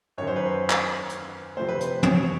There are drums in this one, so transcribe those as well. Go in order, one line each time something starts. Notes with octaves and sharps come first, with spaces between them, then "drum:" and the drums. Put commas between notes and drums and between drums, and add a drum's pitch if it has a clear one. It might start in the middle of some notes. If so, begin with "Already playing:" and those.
F#2 D#3 F#3 C#5
C5
B4
C5
drum: clap
drum: hi-hat
C3 F3 A3 C5
B4
C5, drum: hi-hat
C#5, drum: tom